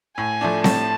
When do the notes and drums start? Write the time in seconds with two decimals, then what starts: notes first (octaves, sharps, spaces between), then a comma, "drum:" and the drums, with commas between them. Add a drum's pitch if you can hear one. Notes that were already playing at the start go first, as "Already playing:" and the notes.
0.18 A2 G#5
0.41 F3 A3 D4
0.64 A2 A5, drum: snare C4